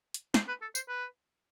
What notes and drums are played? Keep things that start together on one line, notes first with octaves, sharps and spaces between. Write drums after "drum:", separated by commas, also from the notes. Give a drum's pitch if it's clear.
drum: hi-hat
C5, drum: snare
B4
A4
C5, drum: tambourine
B4